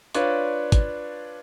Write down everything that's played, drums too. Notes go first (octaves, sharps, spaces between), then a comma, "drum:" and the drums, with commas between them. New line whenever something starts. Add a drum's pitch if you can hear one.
D4 F4 B4 C#5 D5, drum: hi-hat
drum: kick, hi-hat